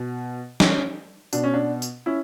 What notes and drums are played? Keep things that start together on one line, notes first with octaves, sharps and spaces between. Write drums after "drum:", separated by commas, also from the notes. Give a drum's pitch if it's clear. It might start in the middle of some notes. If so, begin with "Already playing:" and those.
Already playing: B2
C#4, drum: snare
B2 D4, drum: tambourine
C#4
D4
drum: tambourine
C#4 E4